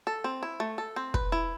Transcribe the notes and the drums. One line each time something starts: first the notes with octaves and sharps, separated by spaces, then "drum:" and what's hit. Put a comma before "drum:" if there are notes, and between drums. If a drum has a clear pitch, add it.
A4
C4
E4
A3
A4
C4
B4, drum: kick
E4